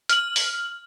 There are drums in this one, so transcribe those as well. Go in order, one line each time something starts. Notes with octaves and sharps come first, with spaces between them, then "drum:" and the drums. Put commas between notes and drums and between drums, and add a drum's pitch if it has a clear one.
F6 F#7, drum: hi-hat
drum: open hi-hat